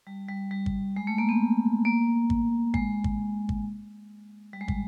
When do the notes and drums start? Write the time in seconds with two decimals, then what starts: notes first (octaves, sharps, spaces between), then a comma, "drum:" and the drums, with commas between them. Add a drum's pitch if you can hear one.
0.07 G3
0.28 G3
0.51 G3
0.66 drum: kick
0.96 G#3
1.07 A3
1.18 A#3
1.29 B3
1.85 A#3
2.30 drum: kick
2.74 G#3, drum: kick
3.04 drum: kick
3.49 drum: kick
4.53 G3
4.61 G#3
4.68 G3, drum: kick